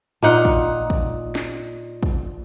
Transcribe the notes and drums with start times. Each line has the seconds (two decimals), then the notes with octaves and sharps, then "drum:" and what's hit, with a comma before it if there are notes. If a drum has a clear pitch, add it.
0.22 A#2 D#4 F#5
0.45 drum: kick
0.90 drum: kick
1.35 drum: snare
2.03 drum: kick